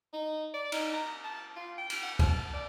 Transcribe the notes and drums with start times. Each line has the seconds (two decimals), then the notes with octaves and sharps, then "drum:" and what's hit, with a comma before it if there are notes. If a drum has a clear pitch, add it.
0.13 D#4
0.54 D5
0.72 D#4, drum: cymbal
0.93 A#5
1.24 A5
1.56 F4
1.78 G5
1.90 drum: cymbal
2.03 F#5
2.19 A5, drum: kick C#2, cymbal
2.53 D5